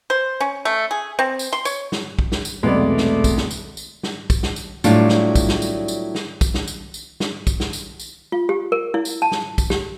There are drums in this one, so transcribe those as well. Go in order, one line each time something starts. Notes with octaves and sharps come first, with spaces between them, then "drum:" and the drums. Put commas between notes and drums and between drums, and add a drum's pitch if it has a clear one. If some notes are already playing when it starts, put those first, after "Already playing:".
C5
C#4
A3
G#4
C4
drum: tambourine
C6
C#5, drum: tambourine
drum: snare
drum: kick
drum: snare
drum: tambourine
B1 E2 C3 G#3 A3 B3 D5
drum: snare
drum: kick, tambourine
drum: snare
drum: tambourine
drum: tambourine
drum: snare
drum: kick, tambourine
drum: snare
drum: tambourine
A2 F#3 G3 D4 F4, drum: tambourine
drum: snare
drum: kick, tambourine
drum: snare
drum: tambourine
drum: tambourine
drum: snare
drum: kick, tambourine
drum: snare
drum: tambourine
drum: tambourine
drum: snare
drum: kick, tambourine
drum: snare
drum: tambourine
drum: tambourine
F4
G4
A#4
E4
drum: tambourine
A5
drum: snare
drum: kick, tambourine
G4, drum: snare